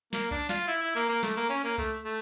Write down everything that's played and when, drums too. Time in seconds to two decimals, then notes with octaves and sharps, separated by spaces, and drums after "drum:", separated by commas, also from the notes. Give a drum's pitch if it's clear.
0.13 A#3, drum: snare
0.31 D4, drum: kick C2
0.49 F4, drum: snare
0.67 E4
0.82 E4
0.95 A#3
1.09 A#3
1.23 A3, drum: snare
1.37 A#3
1.49 C#4
1.64 A#3
1.78 A3, drum: kick C2
2.04 A3